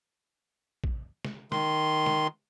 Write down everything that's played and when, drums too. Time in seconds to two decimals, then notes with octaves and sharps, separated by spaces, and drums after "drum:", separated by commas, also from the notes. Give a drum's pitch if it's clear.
0.84 drum: kick A#1
1.25 drum: snare
1.52 D#3 C6, drum: snare
2.06 drum: snare